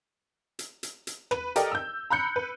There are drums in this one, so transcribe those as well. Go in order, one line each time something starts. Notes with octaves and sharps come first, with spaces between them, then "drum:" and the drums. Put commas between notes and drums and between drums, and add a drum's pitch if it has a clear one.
drum: hi-hat
drum: hi-hat
drum: hi-hat
B4, drum: rim click
G4 A4 A#4 D5 D#5 G5, drum: hi-hat
E6 G6
A#5 B5 F#6 G6 C#7
B4